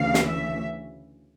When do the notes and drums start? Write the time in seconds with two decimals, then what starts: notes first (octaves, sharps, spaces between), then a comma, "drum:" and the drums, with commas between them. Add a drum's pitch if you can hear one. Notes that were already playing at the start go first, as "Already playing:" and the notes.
Already playing: D2 C#3 E3 A3 F5
0.14 drum: snare
0.26 E5